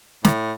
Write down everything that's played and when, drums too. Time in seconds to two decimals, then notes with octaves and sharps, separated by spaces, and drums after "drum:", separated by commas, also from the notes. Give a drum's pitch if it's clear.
0.25 A2, drum: snare